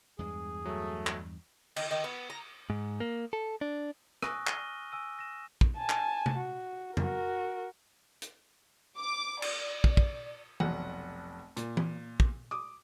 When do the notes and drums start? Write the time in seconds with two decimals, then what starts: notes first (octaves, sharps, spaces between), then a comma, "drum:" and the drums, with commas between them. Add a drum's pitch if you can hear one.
0.19 E2 G2 G#3 G#4
0.65 F#3 A3
1.07 drum: clap
1.76 D#3, drum: cymbal
1.91 D#3
2.04 B3
2.30 A#5
2.70 G#2
3.00 A#3
3.33 A4
3.61 D4
4.22 G#5 C#6 D#6 E6 F#6 A#6, drum: rim click
4.47 F6 A#6 D#7 G7, drum: clap
4.92 G#5 E6 D#7
5.19 A#6 E7
5.61 drum: kick
5.77 G#5 A5
5.89 drum: clap
6.26 drum: tom C3
6.38 F#4
6.97 F#4 A#4, drum: tom
8.22 drum: hi-hat
8.97 D6
9.42 D5, drum: cymbal
9.84 drum: kick
9.97 drum: kick
10.60 F1 B1 F#5, drum: tom E3
11.57 A#2, drum: hi-hat
11.77 drum: tom E3
12.20 drum: kick
12.51 D6 D#6